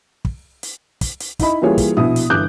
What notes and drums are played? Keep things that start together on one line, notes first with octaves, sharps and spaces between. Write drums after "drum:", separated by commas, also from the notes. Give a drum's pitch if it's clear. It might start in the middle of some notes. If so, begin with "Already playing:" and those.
drum: kick
drum: hi-hat
drum: kick, hi-hat
drum: hi-hat
D#4 E4 D#5 B5, drum: kick, hi-hat
E3 G3 A#3 F4 G#4 C#5
drum: kick, hi-hat
A#1 B2 E4 D#6
drum: hi-hat
G1 E3 D6 F#6 G6